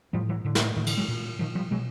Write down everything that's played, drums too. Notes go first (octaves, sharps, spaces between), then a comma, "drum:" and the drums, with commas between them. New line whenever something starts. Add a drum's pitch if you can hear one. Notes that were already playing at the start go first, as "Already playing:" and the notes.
A2 F3 G3
E3 F#3
A2 D3
drum: snare
A2 D#3
D3 E3, drum: cymbal
F#3 G#3
A#2
A#2 D#3 F3
F3 G3
B2 F#3 G#3